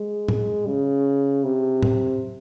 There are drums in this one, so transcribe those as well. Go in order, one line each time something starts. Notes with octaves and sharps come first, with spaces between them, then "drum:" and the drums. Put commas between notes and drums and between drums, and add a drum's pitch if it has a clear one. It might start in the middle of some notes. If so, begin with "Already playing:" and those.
Already playing: G#3
drum: tom A2
C#3
C3
drum: tom A2